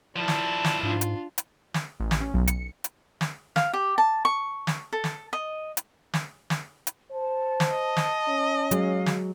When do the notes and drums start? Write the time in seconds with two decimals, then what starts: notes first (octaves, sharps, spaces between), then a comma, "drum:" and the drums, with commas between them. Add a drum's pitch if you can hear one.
0.16 F3 E4 D5 A5
0.28 drum: snare
0.64 drum: snare
0.83 G#2 D4 F4
1.01 drum: hi-hat
1.38 drum: hi-hat
1.74 drum: snare
2.00 A1
2.11 drum: snare
2.21 C#4
2.34 B1
2.48 C#7, drum: hi-hat
2.84 drum: hi-hat
3.21 drum: snare
3.56 F5, drum: snare
3.73 G4
3.98 A5
4.25 C#6
4.67 drum: snare
4.93 A4
5.04 drum: snare
5.33 D#5
5.77 drum: hi-hat
6.14 drum: snare
6.50 drum: snare
6.87 drum: hi-hat
7.11 C5 A5
7.60 drum: snare
7.70 D#5
7.97 drum: snare
8.28 C#4
8.71 F#3 G#3 F5, drum: hi-hat
9.06 drum: snare